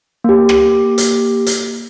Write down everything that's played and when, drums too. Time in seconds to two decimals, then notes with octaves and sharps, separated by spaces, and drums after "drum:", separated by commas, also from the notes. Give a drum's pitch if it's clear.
0.24 A#3 G4
0.49 drum: rim click
0.98 drum: hi-hat
1.46 drum: hi-hat